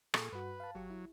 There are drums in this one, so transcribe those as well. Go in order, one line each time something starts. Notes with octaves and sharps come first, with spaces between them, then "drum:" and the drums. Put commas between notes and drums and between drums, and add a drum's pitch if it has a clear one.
A#2 G#4 A4 C#6, drum: rim click
G2 F#4 B4
F5 A5
G1 F#3 G4 C#6
E4